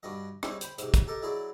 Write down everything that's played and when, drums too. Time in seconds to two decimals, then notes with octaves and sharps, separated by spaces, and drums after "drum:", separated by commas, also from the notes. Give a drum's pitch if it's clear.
0.03 G2 D4 F#4 D#5
0.43 G3 G#3 C4 E4 G#4 C#5, drum: rim click
0.61 C5 G5 B5, drum: hi-hat
0.78 G#2 C3, drum: hi-hat
0.94 drum: kick, hi-hat
1.07 G4 A4 A#4 D#5
1.22 F#3 G#3 E4 F#4 G#4 D5